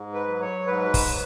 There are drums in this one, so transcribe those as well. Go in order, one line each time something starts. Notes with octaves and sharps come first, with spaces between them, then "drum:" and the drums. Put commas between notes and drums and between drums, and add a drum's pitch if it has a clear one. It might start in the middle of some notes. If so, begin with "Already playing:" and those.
Already playing: G#2
B4
F#3
C#5
G#2 B4
drum: kick, open hi-hat
F#3